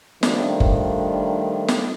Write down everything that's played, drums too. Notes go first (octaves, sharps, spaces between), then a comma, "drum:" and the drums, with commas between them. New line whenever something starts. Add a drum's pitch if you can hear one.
D#3 F3 G3 A3 D4, drum: snare
drum: kick F#1
drum: snare